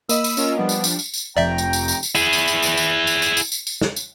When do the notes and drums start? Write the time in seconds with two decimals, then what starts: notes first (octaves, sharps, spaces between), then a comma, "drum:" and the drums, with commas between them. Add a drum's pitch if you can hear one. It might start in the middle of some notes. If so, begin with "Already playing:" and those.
0.09 A#3 D#5 B5 E6 D#7, drum: tambourine
0.24 drum: tambourine
0.37 C#4 F4 A#4, drum: tambourine
0.57 F3 G3 B3 D4
0.69 drum: tambourine
0.84 drum: tambourine
0.99 drum: tambourine
1.14 drum: tambourine
1.37 F1 F2 F3 D5 E5 G5 A#5
1.58 drum: tambourine
1.73 drum: tambourine
1.88 drum: tambourine
2.03 drum: tambourine
2.15 E4 G#4, drum: tambourine
2.33 drum: tambourine
2.48 drum: tambourine
2.62 drum: tambourine
2.77 drum: tambourine
3.07 drum: tambourine
3.22 drum: tambourine
3.37 drum: tambourine
3.52 drum: tambourine
3.67 drum: tambourine
3.81 drum: snare
3.96 drum: tambourine